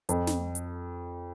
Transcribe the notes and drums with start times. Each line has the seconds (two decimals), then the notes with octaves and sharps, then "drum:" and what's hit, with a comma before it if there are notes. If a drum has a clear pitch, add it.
0.09 F2, drum: hi-hat
0.27 drum: snare
0.55 drum: hi-hat